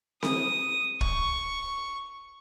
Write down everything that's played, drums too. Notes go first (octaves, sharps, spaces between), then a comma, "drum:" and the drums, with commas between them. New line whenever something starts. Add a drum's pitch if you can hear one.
D#6, drum: snare C4
C#6, drum: kick